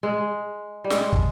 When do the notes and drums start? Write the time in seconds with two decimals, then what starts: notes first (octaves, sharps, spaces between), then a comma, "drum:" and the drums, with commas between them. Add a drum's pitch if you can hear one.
0.03 G#3
0.84 G3
0.90 G#3, drum: snare
1.13 drum: kick